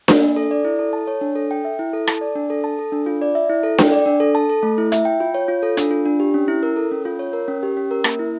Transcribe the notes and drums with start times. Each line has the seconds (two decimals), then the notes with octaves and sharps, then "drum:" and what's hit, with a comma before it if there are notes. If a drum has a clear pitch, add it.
0.08 A#3, drum: snare D4
0.22 D4
0.36 A4
0.51 D5
0.65 E4
0.79 A4
0.93 A5
1.07 C#5
1.21 D4
1.35 A4
1.51 G5
1.65 E5
1.79 E4
1.93 A4
2.07 A5, drum: rim click
2.21 D5
2.35 D4
2.50 A4
2.64 A5
2.79 A4
2.92 D4
3.06 F4
3.22 D5
3.35 E5
3.49 E4
3.63 A4
3.78 G5, drum: snare D4
3.92 D5
4.06 D4
4.20 A4
4.35 A5
4.50 A4
4.63 A3
4.78 E4
4.92 E5, drum: hi-hat
5.05 G5
5.20 F4
5.34 C#5
5.48 F4
5.63 A4
5.77 D4, drum: hi-hat
5.91 F4
6.05 D4
6.20 G4
6.34 C#4
6.48 E4
6.63 A#4
6.76 A4
6.91 C#4
7.05 F4
7.19 C#5
7.33 A#4
7.48 C#4
7.63 G4
7.77 C#4
7.91 A#4
8.04 A#3, drum: rim click
8.19 E4